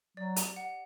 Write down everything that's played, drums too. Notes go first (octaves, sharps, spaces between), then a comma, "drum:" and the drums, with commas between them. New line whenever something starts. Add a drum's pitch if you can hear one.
F#3 D5
G4, drum: hi-hat
F#5